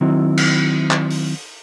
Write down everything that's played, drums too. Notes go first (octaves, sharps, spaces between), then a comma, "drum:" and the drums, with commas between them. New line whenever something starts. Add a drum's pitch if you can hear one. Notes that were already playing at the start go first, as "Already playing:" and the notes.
D#3 F#3 C4 E4
drum: cymbal
drum: clap
drum: open hi-hat